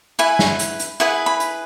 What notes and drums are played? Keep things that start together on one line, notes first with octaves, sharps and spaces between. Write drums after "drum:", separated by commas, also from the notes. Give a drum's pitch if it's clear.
E4 B4 G#5
drum: snare
drum: hi-hat
drum: hi-hat
E4 G#4 B4 F#5
B5
drum: hi-hat